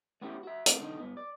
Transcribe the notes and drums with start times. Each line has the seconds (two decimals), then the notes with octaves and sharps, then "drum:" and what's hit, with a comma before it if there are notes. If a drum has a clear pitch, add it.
0.21 A3 B3 C#4 E4 G4
0.43 F#4 E5
0.66 A3 B3 C4, drum: hi-hat
0.80 B1 D3 D#4
1.00 G2 B3
1.17 D5